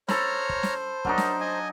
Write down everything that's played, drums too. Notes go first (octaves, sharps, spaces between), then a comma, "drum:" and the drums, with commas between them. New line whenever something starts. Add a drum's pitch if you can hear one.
A4 C5 C#5 A#5 B5 F6, drum: snare
drum: kick
drum: snare
F#3 D4 D#4 A#4, drum: kick
drum: snare
D#5 G#5